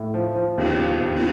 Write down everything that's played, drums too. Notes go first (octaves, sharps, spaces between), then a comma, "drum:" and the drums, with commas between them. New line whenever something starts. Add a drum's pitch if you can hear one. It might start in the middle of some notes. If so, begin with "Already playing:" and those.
Already playing: A2
F3
F3
D#2, drum: cymbal
F3
D#2
drum: cymbal